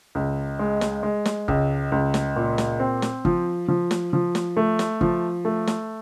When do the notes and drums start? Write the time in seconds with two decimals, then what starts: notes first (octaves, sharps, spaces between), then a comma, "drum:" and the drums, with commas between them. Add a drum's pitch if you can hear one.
0.15 C#2
0.59 G#3
0.81 drum: snare
1.03 G#3
1.25 drum: snare
1.48 C#2, drum: kick G1
1.92 C#2
2.14 drum: snare
2.36 A#2
2.58 drum: snare
2.80 C4
3.02 drum: snare
3.25 F3, drum: kick G1
3.68 F3
3.91 drum: snare
4.13 F3
4.35 drum: snare
4.57 A3
4.79 drum: snare
5.01 F3, drum: kick G1
5.45 A3
5.67 drum: snare